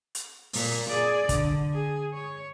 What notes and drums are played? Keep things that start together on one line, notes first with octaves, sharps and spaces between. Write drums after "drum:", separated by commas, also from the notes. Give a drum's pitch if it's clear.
drum: hi-hat
A#2, drum: open hi-hat
G#4 D5
D3, drum: kick, hi-hat
G#4
C#5